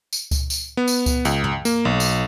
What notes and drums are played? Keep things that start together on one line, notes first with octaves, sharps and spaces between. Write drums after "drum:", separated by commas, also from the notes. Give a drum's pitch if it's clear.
drum: tambourine
drum: kick C#2, tambourine
drum: tambourine
B3
drum: tambourine
drum: kick C#2, tambourine
C#2, drum: tambourine
drum: tom
A#3, drum: tambourine
B1
drum: tambourine